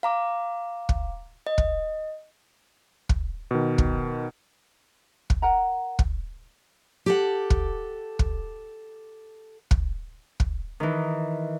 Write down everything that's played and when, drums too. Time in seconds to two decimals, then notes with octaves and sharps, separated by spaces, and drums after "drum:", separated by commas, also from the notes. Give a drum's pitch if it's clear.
0.03 F5 A#5 D6
0.89 drum: kick
1.47 D#5
1.58 drum: kick
3.09 drum: kick
3.51 B2 D#3
3.78 drum: kick
5.30 drum: kick
5.42 A#4 F#5 A#5
5.99 drum: kick
7.06 G4 A4 F#5
7.50 drum: kick
8.19 drum: kick
9.71 drum: kick
10.40 drum: kick
10.80 D#3 E3